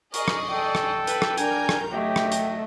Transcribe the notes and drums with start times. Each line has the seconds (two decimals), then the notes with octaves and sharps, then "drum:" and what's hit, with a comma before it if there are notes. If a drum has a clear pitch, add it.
0.14 G#4 A#4 D5 D#5 C#6, drum: hi-hat
0.28 drum: rim click
0.50 A4 G5
0.75 drum: rim click
1.07 B4, drum: hi-hat
1.22 drum: rim click
1.38 D4 A#4 G#5 A#5 G6, drum: hi-hat
1.69 drum: rim click
1.92 F#3 A3 G4 D#5 G5
2.16 drum: rim click
2.32 drum: hi-hat